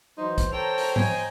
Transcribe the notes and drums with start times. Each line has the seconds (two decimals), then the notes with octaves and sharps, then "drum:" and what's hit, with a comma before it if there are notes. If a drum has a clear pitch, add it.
0.18 E3 F#3 D#4 C5
0.38 drum: kick, hi-hat
0.52 A4 C5 C#5 G5 A#5 F7
0.78 drum: open hi-hat
0.96 D#5 G5 G#5, drum: tom G#2